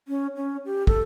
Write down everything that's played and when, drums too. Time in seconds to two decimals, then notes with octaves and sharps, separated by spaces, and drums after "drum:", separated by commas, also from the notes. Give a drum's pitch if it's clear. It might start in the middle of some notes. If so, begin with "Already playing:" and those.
0.08 C#4
0.36 C#4
0.66 G4
0.87 A4, drum: kick